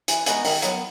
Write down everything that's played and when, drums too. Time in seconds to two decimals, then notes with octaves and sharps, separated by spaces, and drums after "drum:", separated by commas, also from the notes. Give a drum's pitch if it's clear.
0.08 E3, drum: hi-hat
0.26 G#3 B3 D#4 F#4, drum: hi-hat
0.45 D#3, drum: open hi-hat
0.62 F#3 B3, drum: hi-hat